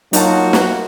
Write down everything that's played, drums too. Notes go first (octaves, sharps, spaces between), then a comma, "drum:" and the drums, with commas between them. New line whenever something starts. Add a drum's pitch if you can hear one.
F#3 A#3 D#4 F4 F#4 A5, drum: hi-hat
drum: snare